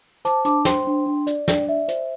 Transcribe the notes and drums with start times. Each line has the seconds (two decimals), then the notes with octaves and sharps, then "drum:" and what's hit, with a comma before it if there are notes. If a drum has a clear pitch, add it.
0.25 C5 A5 D6, drum: hi-hat
0.45 D4 A5 D6, drum: hi-hat
0.65 C5 G5 C6, drum: snare
0.87 D4
1.06 D4
1.27 D5, drum: hi-hat
1.48 D4 D5 G5, drum: snare
1.69 D5 E5
1.88 C5, drum: hi-hat